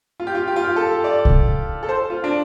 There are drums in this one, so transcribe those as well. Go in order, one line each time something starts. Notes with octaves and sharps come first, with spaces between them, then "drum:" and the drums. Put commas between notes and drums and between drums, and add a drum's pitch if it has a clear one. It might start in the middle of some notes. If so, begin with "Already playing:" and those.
F4
G4
F4
G4
F4
G4
A4
D5
drum: kick C2
A4
C5
F4
D4